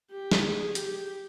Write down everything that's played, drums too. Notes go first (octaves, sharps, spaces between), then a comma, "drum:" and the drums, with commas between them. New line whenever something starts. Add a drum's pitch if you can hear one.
G4
drum: snare
G#4
G4, drum: hi-hat